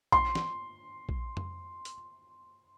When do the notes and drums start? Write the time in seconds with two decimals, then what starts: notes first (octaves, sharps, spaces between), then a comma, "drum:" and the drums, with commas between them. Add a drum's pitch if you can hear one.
0.12 C6, drum: kick A#1
0.35 drum: snare
1.09 drum: kick A#1
1.37 drum: tom F2
1.85 drum: hi-hat